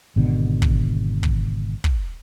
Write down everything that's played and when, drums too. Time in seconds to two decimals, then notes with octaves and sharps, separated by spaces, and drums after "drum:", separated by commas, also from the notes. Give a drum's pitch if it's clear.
0.16 G#1 B2 D3
0.62 drum: kick
1.23 drum: kick
1.84 drum: kick